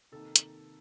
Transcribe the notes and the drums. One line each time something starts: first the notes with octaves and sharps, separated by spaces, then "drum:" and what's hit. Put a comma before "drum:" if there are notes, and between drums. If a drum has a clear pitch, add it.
C3 D#3 A#3 D#4 A4
drum: hi-hat